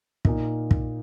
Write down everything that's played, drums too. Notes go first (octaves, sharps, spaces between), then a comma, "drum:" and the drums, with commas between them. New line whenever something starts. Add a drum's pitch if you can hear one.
A#2 A#3 D#4, drum: kick
drum: kick